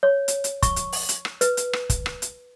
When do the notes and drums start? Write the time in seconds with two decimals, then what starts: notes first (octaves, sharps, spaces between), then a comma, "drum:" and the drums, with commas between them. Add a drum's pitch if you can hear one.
0.03 C#5
0.28 drum: hi-hat
0.44 drum: hi-hat
0.63 C#6, drum: kick, hi-hat
0.76 drum: hi-hat
0.92 drum: open hi-hat
1.09 drum: hi-hat
1.25 drum: rim click
1.41 B4, drum: hi-hat
1.57 drum: hi-hat
1.73 drum: rim click
1.90 drum: kick, hi-hat
2.06 drum: rim click
2.22 drum: hi-hat